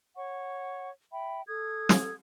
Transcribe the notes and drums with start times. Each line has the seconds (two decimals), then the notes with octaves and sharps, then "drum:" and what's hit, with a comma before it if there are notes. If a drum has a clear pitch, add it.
0.17 C#5 F#5 C#6
1.12 E5 G5 B5
1.47 A4 D#6 G#6
1.89 drum: snare